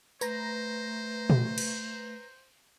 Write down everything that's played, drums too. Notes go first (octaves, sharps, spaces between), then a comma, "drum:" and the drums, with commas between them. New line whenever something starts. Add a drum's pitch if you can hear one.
A3 B4 C5 A#5 A#6, drum: tambourine
drum: tom A#2
drum: cymbal